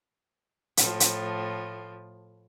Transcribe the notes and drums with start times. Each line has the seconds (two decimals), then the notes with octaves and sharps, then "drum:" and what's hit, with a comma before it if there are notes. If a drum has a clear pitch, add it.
0.77 A2 F3, drum: hi-hat
1.00 drum: hi-hat